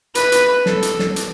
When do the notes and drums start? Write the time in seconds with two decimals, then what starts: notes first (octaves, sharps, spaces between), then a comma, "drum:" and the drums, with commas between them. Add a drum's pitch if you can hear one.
0.15 B4, drum: hi-hat
0.32 drum: hi-hat
0.66 A4, drum: snare
0.82 drum: hi-hat
0.99 drum: snare
1.16 drum: hi-hat